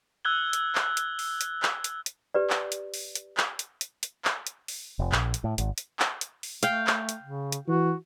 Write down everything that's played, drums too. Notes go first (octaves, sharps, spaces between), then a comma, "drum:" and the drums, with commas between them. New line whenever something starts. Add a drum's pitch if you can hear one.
E6 F#6 G#6 G7
drum: hi-hat
drum: clap
drum: hi-hat
drum: open hi-hat
drum: hi-hat
drum: clap
drum: hi-hat
drum: hi-hat
G4 B4 D5
drum: clap
drum: hi-hat
drum: open hi-hat
drum: hi-hat
drum: clap
drum: hi-hat
drum: hi-hat
drum: hi-hat
drum: clap
drum: hi-hat
drum: open hi-hat
F1
A#1, drum: clap
drum: hi-hat
A2
G#1, drum: hi-hat
drum: hi-hat
drum: clap
drum: hi-hat
drum: open hi-hat
A3 F5 G5, drum: hi-hat
drum: clap
drum: hi-hat
C#3
drum: hi-hat
E3 F#4